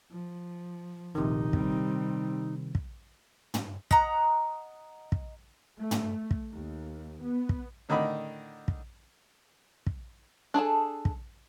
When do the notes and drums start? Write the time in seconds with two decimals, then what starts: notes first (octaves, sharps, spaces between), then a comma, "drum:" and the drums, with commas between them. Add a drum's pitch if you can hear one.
0.12 F3
1.15 F1 A#1 C3 D#3 D#4
1.53 G3 C4, drum: kick
2.75 drum: kick
3.54 drum: tom
3.91 D#5 F#5 A#5, drum: kick
5.12 drum: kick
5.78 A3
5.91 drum: tom
6.31 drum: kick
6.53 D#2
7.23 B3
7.49 drum: kick
7.89 A2 D3 D#3 D#4 B5
8.68 drum: kick
9.87 drum: kick
10.54 D4 G#4 A4 A5
11.05 drum: kick